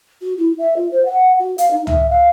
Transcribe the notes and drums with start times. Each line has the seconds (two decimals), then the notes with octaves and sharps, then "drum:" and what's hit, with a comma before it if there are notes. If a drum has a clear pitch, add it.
0.22 F#4
0.38 E4
0.59 E5
0.77 F4
0.91 C5
1.05 F#5
1.39 F#4
1.58 F5, drum: hi-hat
1.71 D#4
1.87 E5, drum: tom C#2
2.10 F5